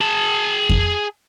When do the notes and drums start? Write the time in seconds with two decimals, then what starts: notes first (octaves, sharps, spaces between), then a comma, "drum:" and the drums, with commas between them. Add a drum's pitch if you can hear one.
0.01 G#4 A5
0.69 drum: kick F2